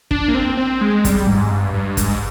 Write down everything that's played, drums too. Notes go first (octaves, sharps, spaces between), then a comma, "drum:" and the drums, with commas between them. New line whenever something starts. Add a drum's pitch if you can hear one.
D4, drum: kick
A#3
C4
C4
G#3
G3, drum: kick, hi-hat
G#2
G2
G2
G#2, drum: kick, hi-hat